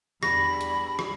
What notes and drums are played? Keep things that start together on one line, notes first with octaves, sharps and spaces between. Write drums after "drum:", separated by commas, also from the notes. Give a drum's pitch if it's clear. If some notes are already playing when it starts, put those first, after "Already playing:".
E2 G3 D4 B5 A#6, drum: rim click
drum: hi-hat
drum: rim click